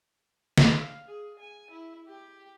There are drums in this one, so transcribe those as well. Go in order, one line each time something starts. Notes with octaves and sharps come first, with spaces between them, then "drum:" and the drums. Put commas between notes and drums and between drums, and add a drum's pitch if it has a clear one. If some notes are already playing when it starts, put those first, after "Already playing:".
drum: snare
F5
G#4
G#5
E4
G4